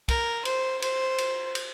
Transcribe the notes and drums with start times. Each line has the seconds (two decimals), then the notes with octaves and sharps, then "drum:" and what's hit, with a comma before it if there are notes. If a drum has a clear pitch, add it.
0.08 A#4, drum: kick, cymbal
0.45 C5, drum: cymbal
0.82 C5, drum: cymbal
1.18 drum: cymbal
1.55 drum: cymbal